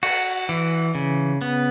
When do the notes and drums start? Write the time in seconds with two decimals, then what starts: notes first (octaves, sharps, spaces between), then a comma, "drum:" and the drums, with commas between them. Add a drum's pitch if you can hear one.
0.03 F#4, drum: cymbal
0.49 E3
0.95 C#3
1.41 B3